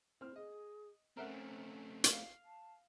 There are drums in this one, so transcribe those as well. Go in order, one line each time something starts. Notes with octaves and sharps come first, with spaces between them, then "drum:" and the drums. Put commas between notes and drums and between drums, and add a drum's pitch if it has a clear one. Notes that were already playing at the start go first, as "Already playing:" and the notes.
C4 E4 F6
G#4 D#5
A3 C4 C#4 A#4 E5 F#5
drum: hi-hat
F5
A5